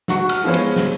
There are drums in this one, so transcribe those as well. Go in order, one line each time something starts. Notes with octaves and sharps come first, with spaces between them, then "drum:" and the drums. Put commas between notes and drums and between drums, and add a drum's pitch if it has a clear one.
F#4 F#5 C#6, drum: snare
F6, drum: cymbal
F3 G#3 B3 C5 C#5
drum: cymbal
drum: snare